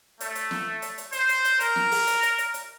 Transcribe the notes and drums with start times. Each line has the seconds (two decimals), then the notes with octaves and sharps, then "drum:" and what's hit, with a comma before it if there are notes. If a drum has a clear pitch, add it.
0.20 A3, drum: hi-hat
0.35 drum: hi-hat
0.51 drum: snare
0.82 drum: hi-hat
0.98 drum: hi-hat
1.12 C5, drum: hi-hat
1.29 drum: hi-hat
1.45 drum: hi-hat
1.60 A#4, drum: hi-hat
1.76 drum: snare
1.91 drum: open hi-hat
2.07 drum: hi-hat
2.23 drum: hi-hat
2.38 drum: hi-hat
2.54 drum: hi-hat